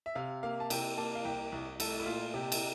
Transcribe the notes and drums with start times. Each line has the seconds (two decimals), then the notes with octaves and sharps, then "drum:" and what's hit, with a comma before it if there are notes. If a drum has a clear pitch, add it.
0.06 E5
0.15 C3 F5
0.43 A#3 F5
0.60 A5
0.70 C3 G5, drum: cymbal
0.97 A#3 A5
1.15 F5
1.25 C2 G5
1.52 C2
1.80 A3 A4, drum: cymbal
2.00 E4
2.06 A#2 F4
2.34 C3 G4
2.52 drum: cymbal